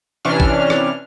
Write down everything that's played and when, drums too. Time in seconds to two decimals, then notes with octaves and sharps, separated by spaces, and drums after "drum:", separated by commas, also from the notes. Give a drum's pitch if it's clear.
0.25 C3 E3 C#4 D4 F6
0.40 drum: kick A#1
0.70 drum: rim click